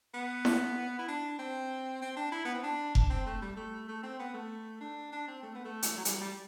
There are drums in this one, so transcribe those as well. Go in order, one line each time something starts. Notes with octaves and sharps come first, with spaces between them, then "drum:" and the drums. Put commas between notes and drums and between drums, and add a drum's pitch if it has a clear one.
B3
drum: snare E4
E4
D4
C4
C4
D4
E4
B3
C4
D4
D4, drum: kick F1
C4
A3
G3
A3
A3
C4
B3
A3
D4
D4
C4
A3
B3
A3
drum: hi-hat
F#3
G3, drum: hi-hat
G3